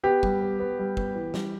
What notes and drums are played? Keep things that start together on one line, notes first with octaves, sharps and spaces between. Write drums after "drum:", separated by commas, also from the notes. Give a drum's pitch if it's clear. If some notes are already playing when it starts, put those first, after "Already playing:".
B3 G4
G3, drum: kick
B3
B3
G3
B3, drum: kick
E3
G3, drum: snare